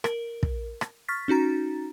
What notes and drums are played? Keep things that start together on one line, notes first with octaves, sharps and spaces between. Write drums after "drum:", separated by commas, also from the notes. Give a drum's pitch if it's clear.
A#4, drum: rim click
drum: kick
drum: rim click
C#6 F6 A6 B6
C#4 D#4 F#4 A#5 A6